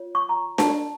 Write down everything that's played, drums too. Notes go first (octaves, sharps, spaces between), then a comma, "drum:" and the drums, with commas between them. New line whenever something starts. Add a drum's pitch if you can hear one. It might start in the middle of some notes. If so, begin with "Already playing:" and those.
Already playing: F4 C#5
C#6
A#5
A5, drum: snare D4